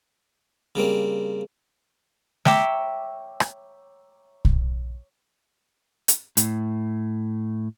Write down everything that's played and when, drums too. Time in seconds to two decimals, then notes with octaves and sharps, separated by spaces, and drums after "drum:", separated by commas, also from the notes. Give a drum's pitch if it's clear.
0.75 C#3 G3 A#3 C4
2.45 C#5 E5 G5 A#5 D6 E6, drum: snare
3.40 drum: rim click
4.45 drum: kick B1
6.08 drum: hi-hat
6.37 A2, drum: hi-hat